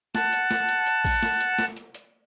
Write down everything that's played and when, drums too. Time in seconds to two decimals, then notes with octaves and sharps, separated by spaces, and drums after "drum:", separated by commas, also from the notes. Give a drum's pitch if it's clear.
0.15 F#5 A5, drum: snare
0.33 drum: hi-hat
0.51 drum: snare
0.69 drum: hi-hat
0.87 drum: hi-hat
1.05 drum: kick A#1, open hi-hat
1.23 drum: snare
1.41 drum: hi-hat
1.59 drum: snare
1.77 drum: hi-hat
1.95 drum: hi-hat